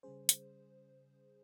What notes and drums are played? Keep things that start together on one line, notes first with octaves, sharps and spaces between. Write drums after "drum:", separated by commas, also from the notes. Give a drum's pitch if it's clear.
C#3 G3 C#4 G#4 C5
drum: hi-hat